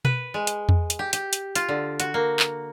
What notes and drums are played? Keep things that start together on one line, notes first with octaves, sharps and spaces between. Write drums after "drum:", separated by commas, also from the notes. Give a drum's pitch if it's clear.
B4, drum: tom B2
G#3
drum: hi-hat
drum: tom E2
drum: hi-hat
G4
G4, drum: hi-hat
drum: hi-hat
F4, drum: hi-hat
D3
F#4, drum: hi-hat
A#3
drum: clap